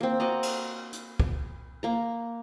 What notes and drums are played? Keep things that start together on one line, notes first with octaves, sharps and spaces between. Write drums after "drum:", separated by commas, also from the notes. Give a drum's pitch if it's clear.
A#3 C4
F#4 D5 D#5 A#5
drum: cymbal
drum: hi-hat
drum: kick
A#3 A#5